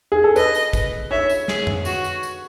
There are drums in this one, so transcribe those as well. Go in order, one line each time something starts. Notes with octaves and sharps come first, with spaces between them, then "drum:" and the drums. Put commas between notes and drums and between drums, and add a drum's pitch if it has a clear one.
G#4
A4
B4 D#5, drum: tambourine
drum: tambourine
drum: kick, tambourine
C#5 E5
drum: tambourine
G#4, drum: snare
drum: tom F2
F#4, drum: tambourine
drum: tambourine
drum: tambourine